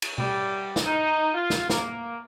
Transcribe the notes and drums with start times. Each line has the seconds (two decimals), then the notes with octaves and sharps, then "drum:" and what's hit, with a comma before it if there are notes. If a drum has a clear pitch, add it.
0.02 drum: cymbal
0.18 G3, drum: tom B2
0.76 drum: snare
0.86 D#4
1.34 F4
1.50 drum: snare
1.70 A#3, drum: snare